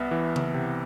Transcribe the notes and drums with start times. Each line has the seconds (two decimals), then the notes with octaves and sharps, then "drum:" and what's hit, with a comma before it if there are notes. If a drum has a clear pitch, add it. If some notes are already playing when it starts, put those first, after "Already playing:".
Already playing: C2 B3 E5
0.11 E3
0.36 drum: tom C#3
0.54 C3